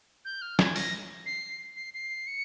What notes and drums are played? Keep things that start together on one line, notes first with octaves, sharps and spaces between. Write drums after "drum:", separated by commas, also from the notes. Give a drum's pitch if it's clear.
G6
F6
G#6, drum: snare
A#6, drum: open hi-hat
C7
C7
C7
C#7